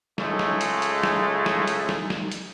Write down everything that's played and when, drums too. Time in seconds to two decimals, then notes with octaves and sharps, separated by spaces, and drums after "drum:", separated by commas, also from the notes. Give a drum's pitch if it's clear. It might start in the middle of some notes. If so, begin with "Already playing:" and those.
0.18 C#2 G#3 A3, drum: snare
0.39 drum: snare
0.61 drum: hi-hat
0.82 drum: hi-hat
1.03 drum: snare
1.46 drum: snare
1.67 drum: hi-hat
1.89 drum: snare
2.10 drum: snare
2.32 drum: hi-hat